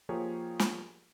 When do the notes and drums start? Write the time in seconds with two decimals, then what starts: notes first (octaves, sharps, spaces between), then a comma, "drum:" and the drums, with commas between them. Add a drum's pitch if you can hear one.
0.09 F3 A#3 G4 G#4 A#4 C#5
0.59 drum: snare